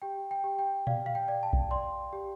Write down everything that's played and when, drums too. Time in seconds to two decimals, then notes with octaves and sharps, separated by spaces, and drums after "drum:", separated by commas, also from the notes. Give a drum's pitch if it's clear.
0.02 G4 G5
0.31 G5
0.44 G4
0.59 G5
0.87 D5 F5, drum: tom A#2
1.06 F5
1.15 G5
1.28 D5
1.43 A5
1.53 drum: kick B1
1.71 D5 C6
2.13 G4